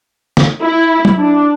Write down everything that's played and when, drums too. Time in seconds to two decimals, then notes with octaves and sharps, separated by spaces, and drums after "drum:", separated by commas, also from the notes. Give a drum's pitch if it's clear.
0.37 drum: snare
0.61 E4
1.05 drum: tom F#3
1.19 D4